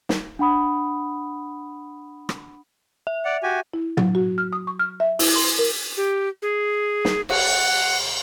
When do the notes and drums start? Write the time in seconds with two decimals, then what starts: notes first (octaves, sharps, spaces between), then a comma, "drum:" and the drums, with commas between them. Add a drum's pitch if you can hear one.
0.09 drum: snare
0.39 D4 F#5 B5 D#6
2.29 drum: rim click
3.07 E5
3.25 D5 F#5
3.43 F#4 G4 G#5
3.74 E4
3.97 F#3, drum: tom
4.15 F#4
4.38 F6
4.53 D#6
4.67 C#6
4.79 F6
5.00 E5
5.19 E4, drum: open hi-hat
5.36 C6
5.59 A#4
5.97 G4
6.42 G#4
7.05 drum: snare
7.29 F#5, drum: cymbal